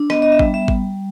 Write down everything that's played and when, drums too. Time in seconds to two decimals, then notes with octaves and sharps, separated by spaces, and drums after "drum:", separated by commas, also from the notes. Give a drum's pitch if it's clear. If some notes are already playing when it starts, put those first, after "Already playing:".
Already playing: D4
0.10 B3 D#5, drum: rim click
0.22 D#5
0.32 E5
0.39 G3, drum: kick G#1
0.54 E5
0.68 drum: kick G#1